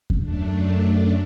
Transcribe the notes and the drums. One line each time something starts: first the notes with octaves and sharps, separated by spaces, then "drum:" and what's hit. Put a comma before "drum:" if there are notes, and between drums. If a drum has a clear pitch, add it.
drum: kick E2
F#2 A3 D4